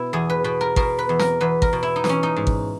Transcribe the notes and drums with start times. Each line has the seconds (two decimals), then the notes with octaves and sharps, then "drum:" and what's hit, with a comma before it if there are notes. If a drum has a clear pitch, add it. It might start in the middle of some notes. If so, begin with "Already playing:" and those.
Already playing: B2 E4
0.13 E2 G#4
0.30 B4
0.44 B2 B4
0.61 A#4
0.76 B2 A#4, drum: kick G#1
0.99 B4
1.09 E2
1.19 A#4, drum: snare
1.41 E2 B4
1.62 A#4, drum: kick G#1
1.73 B2
1.83 E4
1.96 D#4
2.04 E3, drum: snare
2.09 C#4
2.23 D#4
2.36 G#2
2.47 drum: kick G#1